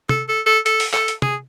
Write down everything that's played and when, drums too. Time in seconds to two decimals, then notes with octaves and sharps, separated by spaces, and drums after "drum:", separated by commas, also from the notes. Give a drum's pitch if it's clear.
0.09 A4, drum: tom
0.28 A4
0.46 A4
0.66 A4, drum: hi-hat
0.80 drum: open hi-hat
0.93 A4, drum: clap
1.08 drum: hi-hat
1.22 G#4, drum: tom